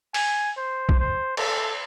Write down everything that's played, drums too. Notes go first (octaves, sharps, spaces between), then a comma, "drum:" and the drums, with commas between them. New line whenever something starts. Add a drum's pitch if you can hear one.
G#5, drum: open hi-hat
C5
drum: kick
C5
A4, drum: cymbal